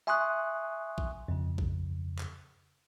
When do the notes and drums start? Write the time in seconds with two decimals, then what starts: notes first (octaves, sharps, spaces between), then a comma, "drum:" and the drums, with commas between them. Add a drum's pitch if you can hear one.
0.07 E5 G#5 C6 C#6 D#6 F#6
0.98 drum: kick A1
1.28 F2 C#3
1.58 drum: kick A1
2.19 drum: clap